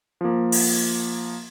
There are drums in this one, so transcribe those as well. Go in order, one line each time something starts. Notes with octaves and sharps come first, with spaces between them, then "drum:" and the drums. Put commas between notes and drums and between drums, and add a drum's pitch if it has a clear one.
F3 A#3
drum: open hi-hat